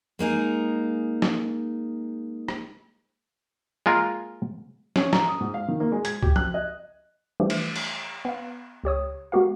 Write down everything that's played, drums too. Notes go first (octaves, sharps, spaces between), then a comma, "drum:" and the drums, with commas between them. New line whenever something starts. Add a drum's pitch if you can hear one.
G#3 A#3 D#4 G#4
drum: snare
drum: rim click
G#3 A#3 F4 G#4 A#4
C#4, drum: snare
A#5, drum: snare
D#6
G#2
F5
D#3
A#3
G#3
G#6, drum: hi-hat
G4, drum: kick C#2
F#6, drum: tom F3
D#5
E3 F3 G3 A3 D4 G4
drum: cymbal
drum: cymbal
B3 F5
C#2 G4 C#5 D#6
G#3 B3 F#4 G4 A#4 F5